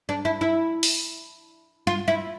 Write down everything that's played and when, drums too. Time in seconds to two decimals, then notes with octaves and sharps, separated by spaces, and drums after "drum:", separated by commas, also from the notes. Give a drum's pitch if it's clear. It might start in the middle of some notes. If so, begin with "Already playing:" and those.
0.09 D4
0.25 E4
0.41 E4
0.83 drum: open hi-hat
1.87 F4
2.08 E4